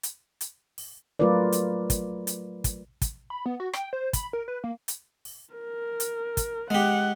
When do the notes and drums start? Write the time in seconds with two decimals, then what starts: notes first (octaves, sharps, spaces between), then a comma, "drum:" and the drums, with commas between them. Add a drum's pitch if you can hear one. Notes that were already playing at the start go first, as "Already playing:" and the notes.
0.03 drum: hi-hat
0.41 drum: hi-hat
0.78 drum: open hi-hat
1.19 F#3 A3 F4 A#4 B4 D5
1.52 drum: hi-hat
1.90 drum: kick, hi-hat
2.27 drum: hi-hat
2.64 drum: kick, hi-hat
3.02 drum: kick, hi-hat
3.30 B5
3.46 B3
3.60 F#4
3.73 G5, drum: rim click
3.93 C5
4.13 B5, drum: kick, hi-hat
4.33 A#4
4.48 B4
4.64 A#3
4.88 drum: hi-hat
5.25 drum: open hi-hat
5.54 A#4
6.00 drum: hi-hat
6.37 drum: kick, hi-hat
6.70 G#3 G4 F#5